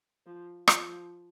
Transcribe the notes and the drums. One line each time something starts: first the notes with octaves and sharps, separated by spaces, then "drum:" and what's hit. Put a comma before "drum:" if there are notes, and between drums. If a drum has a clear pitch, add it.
F3
F3, drum: rim click